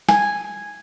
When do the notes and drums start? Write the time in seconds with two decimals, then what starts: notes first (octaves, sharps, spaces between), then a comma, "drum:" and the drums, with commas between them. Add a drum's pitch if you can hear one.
0.09 G#5, drum: snare